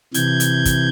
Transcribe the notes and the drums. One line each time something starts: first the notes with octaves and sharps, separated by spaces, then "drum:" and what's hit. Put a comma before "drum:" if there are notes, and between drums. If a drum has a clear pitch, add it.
C3 E3 G6 G#6, drum: hi-hat
drum: hi-hat
drum: kick, hi-hat